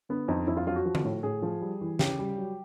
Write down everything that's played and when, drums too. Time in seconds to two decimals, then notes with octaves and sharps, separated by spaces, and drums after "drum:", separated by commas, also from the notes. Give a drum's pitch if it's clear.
0.09 D3 B3
0.28 F2 D#4
0.47 F2 E4
0.57 F4
0.67 F#3 F4
0.76 F#4
0.86 F3
0.95 drum: tom D3
1.05 A2
1.23 A2 G#4
1.42 F3
1.61 G3
1.81 E3
1.99 C#3 G4, drum: snare
2.19 G3
2.38 F#3